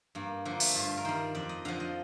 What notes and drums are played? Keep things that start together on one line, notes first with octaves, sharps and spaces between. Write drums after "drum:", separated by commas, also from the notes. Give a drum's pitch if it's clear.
G2 A#3
D3 F3 A#3
A3, drum: open hi-hat
G2 F4
A#4
D#3 G3 C5
F2 D5
D#5
D3 F3 F5
D#5